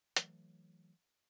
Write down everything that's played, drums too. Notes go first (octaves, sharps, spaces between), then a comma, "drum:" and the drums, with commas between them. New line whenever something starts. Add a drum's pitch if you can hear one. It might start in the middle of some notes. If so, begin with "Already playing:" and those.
E3 F#3 A3, drum: hi-hat